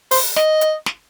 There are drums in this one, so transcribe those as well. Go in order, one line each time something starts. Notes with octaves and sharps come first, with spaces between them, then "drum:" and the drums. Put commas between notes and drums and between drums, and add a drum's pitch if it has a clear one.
C5, drum: open hi-hat
D#5, drum: snare
drum: hi-hat
drum: snare